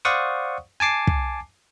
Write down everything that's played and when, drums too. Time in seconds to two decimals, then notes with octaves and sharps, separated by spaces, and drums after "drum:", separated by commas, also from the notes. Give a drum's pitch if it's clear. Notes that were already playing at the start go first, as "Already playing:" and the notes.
0.05 C5 D5 F5 F#5 C#6 D#6
0.80 G#5 A5 D6 C7
1.07 drum: kick